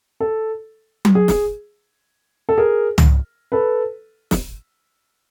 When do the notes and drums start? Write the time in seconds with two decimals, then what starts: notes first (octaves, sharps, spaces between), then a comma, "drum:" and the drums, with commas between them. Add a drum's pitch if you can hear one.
0.20 A4
1.05 drum: tom F#3
1.15 G#4
1.28 drum: snare
2.49 A4
2.58 G#4 A#4
2.98 drum: tom
3.52 A4 B4
4.31 drum: snare